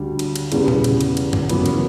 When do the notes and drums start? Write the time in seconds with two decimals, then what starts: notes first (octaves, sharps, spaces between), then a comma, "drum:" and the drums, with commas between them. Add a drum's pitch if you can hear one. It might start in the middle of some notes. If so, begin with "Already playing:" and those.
Already playing: D2 D3 G3
0.19 drum: cymbal
0.36 drum: cymbal
0.52 E2 C#3 E3 G3 B3, drum: cymbal
0.68 drum: tom A#2
0.84 drum: cymbal
1.01 drum: cymbal
1.17 drum: cymbal
1.33 drum: tom F#2
1.49 F#1 F#2 E3 B3, drum: cymbal
1.66 drum: cymbal